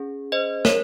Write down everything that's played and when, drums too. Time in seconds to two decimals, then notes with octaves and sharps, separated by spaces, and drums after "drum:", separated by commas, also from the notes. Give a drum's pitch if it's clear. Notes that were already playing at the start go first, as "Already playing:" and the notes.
Already playing: C#4 G#4
0.32 C5 D#5
0.65 A#4 C#5, drum: snare